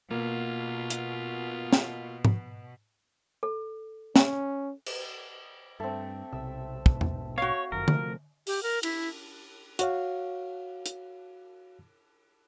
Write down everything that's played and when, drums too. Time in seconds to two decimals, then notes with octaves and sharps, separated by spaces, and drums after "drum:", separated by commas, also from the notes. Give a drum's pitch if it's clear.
0.11 B2 A#3 F4
0.90 drum: hi-hat
1.72 drum: snare
2.25 drum: tom G#2
3.43 A4
4.16 C#4, drum: snare
4.86 drum: cymbal
5.80 G2 A3 C4
6.32 B1 C3 E5
6.86 A#1 G#2 B2, drum: kick
7.01 drum: tom E2
7.38 F#4 C#5 F5
7.72 G1 F#2 D#3 A#4
7.88 C3 F3 A3, drum: tom D3
8.47 G4, drum: open hi-hat
8.63 A#4
8.83 E4, drum: cymbal
9.79 F#4 C#5 F5, drum: hi-hat
10.86 drum: hi-hat